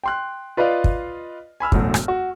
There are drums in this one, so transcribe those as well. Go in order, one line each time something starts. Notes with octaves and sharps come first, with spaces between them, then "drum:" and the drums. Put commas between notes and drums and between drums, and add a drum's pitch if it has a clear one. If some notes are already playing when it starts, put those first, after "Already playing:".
G5 C6 F#6
F4 B4 D5 D#5 F5
drum: kick
G#5 B5 E6 F6
E1 F#2 A2 F#3, drum: kick
drum: rim click
F#4